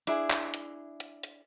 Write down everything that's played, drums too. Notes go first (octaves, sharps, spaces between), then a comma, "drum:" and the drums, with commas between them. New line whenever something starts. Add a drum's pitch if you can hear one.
D4 E4 G#4, drum: hi-hat
drum: clap
drum: hi-hat
drum: hi-hat
drum: hi-hat